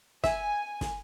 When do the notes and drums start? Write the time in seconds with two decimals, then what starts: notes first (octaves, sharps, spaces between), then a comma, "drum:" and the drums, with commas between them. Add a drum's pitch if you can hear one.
0.24 E5 G#5, drum: snare
0.81 drum: snare